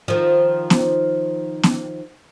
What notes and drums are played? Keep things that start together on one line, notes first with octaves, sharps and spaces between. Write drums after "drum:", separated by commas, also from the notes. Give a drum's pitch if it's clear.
D#3 F3
drum: snare B3
drum: snare B3